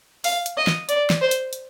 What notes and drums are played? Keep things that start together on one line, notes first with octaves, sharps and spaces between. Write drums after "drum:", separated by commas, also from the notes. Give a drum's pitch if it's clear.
F5, drum: open hi-hat
drum: hi-hat
D#5
drum: snare
D5, drum: hi-hat
drum: snare
C5
drum: hi-hat
drum: hi-hat